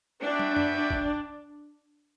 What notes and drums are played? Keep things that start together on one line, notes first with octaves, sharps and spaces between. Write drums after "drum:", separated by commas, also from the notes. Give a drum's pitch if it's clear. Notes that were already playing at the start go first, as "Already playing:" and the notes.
B3 D4 F#4 B4 E5 G5
drum: tom
drum: tom
D4
drum: kick G#1